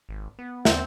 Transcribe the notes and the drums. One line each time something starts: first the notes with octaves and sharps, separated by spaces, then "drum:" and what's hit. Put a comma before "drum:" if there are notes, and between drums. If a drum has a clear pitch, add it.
G#1
B3
D#2 C4, drum: snare